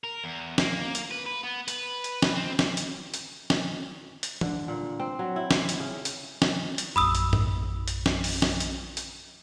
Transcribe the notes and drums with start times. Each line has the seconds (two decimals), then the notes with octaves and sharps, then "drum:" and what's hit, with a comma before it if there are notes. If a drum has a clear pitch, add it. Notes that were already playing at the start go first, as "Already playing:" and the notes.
0.04 A#4
0.24 E2
0.58 A#3, drum: snare
0.95 drum: hi-hat
1.11 B4
1.26 B4
1.43 B3
1.68 B4, drum: hi-hat
2.04 drum: hi-hat
2.22 drum: snare
2.35 C4
2.59 drum: snare
2.77 drum: hi-hat
3.14 drum: hi-hat
3.50 drum: snare
4.23 drum: hi-hat
4.41 D3, drum: tom
4.68 A#2
5.00 C4
5.19 F#3
5.36 E4
5.51 drum: snare
5.69 drum: hi-hat
5.80 C#3
6.05 drum: hi-hat
6.42 drum: snare
6.78 drum: hi-hat
6.96 A#1 F#2 B5 D#6 E6
7.15 drum: hi-hat
7.33 drum: tom G#2
7.88 drum: hi-hat
8.06 drum: snare
8.24 drum: open hi-hat
8.42 drum: snare
8.60 drum: hi-hat
8.97 drum: hi-hat